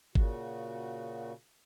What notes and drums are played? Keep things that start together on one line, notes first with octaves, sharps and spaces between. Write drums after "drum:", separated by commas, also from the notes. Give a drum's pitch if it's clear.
A#2 C#3 F#4, drum: kick G#1